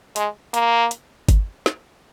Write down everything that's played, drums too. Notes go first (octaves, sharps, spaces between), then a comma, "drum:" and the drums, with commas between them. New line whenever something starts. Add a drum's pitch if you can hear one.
G#3, drum: hi-hat
A#3, drum: hi-hat
drum: hi-hat
drum: kick G1, hi-hat
drum: snare